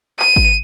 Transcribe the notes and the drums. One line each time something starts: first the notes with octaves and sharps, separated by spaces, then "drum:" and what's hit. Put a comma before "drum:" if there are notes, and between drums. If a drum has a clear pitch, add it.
D#7, drum: clap
drum: kick G#1